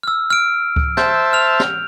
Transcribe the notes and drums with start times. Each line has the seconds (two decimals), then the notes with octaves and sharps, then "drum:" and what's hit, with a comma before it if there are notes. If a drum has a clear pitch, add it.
0.03 E6 F6
0.30 F6 D7
0.76 drum: kick C#2
0.97 C5 E5 A5 G6, drum: snare
1.33 F6 F7
1.60 drum: snare